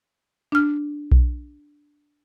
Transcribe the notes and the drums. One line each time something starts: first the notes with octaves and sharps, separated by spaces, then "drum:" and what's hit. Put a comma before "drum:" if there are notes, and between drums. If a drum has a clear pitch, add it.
D4 F6
drum: kick B1